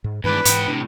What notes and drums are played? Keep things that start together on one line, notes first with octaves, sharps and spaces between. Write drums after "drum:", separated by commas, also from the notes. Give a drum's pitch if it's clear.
G#2
E2 G2 D#3 G#3 D4 B4
G#2 E3 B3 G5, drum: hi-hat
A2 C3 D4